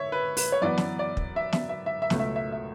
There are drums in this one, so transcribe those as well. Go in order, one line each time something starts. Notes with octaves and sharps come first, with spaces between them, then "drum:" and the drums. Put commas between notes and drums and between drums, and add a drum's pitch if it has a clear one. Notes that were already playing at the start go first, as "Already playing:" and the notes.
Already playing: C#5 E5
B4
B4, drum: open hi-hat
C#5
F#2 E3 B3 D5
drum: snare
D5
drum: kick
E5
E5, drum: snare
E5
E5
E5
C#2 B2 F#3 A3, drum: snare
E5
E5
E5